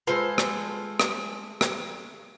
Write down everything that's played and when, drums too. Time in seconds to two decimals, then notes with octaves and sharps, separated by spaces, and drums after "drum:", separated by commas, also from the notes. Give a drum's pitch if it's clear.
0.07 G#3 F4 A4 B4 C5
0.38 drum: rim click
1.00 drum: rim click
1.61 drum: rim click